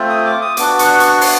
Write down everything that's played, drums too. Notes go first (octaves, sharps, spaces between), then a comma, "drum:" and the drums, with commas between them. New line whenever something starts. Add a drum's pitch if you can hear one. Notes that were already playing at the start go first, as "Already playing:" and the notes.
Already playing: A3 C4 F4
D#6
D6
D#6
B3 D4 F#4 D6, drum: hi-hat
C#6, drum: hi-hat
C#6, drum: hi-hat
C6, drum: open hi-hat